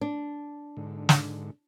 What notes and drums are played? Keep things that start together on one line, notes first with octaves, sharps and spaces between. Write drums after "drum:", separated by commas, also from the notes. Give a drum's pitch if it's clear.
D4
G#2 D3
drum: snare